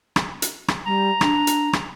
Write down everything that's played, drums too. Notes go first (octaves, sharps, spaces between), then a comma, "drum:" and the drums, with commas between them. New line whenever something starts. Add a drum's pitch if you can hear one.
drum: rim click
drum: hi-hat
drum: rim click
G3 A#5
D4, drum: rim click
drum: hi-hat
drum: rim click